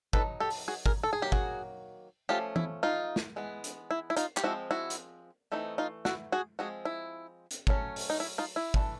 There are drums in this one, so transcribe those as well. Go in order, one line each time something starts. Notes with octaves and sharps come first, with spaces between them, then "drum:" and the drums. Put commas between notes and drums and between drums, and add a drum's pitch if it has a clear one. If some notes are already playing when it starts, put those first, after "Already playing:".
F#3 B3 D#4 A4 B4, drum: kick
G4 A4
drum: open hi-hat
F#4 G#4
G#4 A#4, drum: kick
A4
G#4
D#3 F#3 A#3 G4
F#4 G#4, drum: kick
F3 A3 C#4 F4 G4
E4, drum: tom E3
D#4 F4
drum: snare
E3 G#3 B3
drum: hi-hat
E4
E4
D#4 F4, drum: hi-hat
G4, drum: clap
F3 G#3 C4 E4 F#4
E4 F#4
drum: hi-hat
E3 A3 C4 D#4
D#4 F4
E4 F#4, drum: snare
F#4 G#4
F3 G#3 C4 F#4 G#4
E4
drum: hi-hat
F#3 A3 C#4, drum: kick
drum: open hi-hat
D#4
E4
D#4 F4
E4
E3 A3 D4, drum: kick